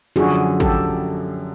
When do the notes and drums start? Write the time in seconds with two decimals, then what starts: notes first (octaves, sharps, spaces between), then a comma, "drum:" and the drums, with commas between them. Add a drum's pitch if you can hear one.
0.16 F#2 D3 F3 F#4 G#4
0.60 G4 A4, drum: kick